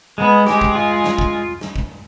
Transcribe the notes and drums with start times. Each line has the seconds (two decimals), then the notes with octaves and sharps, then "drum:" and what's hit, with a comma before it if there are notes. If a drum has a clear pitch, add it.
0.18 G#3 B3
0.46 G#3 G4, drum: snare
0.61 drum: kick
0.75 F4
1.04 drum: snare
1.18 drum: kick
1.61 drum: snare
1.76 drum: kick